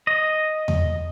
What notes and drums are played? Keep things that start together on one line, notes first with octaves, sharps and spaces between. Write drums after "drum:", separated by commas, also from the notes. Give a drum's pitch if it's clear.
D#5
drum: tom E2